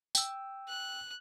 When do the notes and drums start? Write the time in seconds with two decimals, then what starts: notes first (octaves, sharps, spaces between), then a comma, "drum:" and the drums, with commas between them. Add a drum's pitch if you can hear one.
0.15 G5 E6, drum: tambourine
0.68 F#6